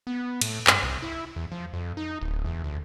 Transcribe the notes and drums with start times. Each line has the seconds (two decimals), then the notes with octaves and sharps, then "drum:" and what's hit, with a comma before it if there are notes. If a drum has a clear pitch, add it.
0.07 B3
0.41 A2, drum: cymbal
0.67 G2, drum: clap
0.83 C2
1.02 E4
1.36 E2
1.52 F3
1.73 F2
1.97 D#4
2.21 D1
2.45 E2
2.64 D2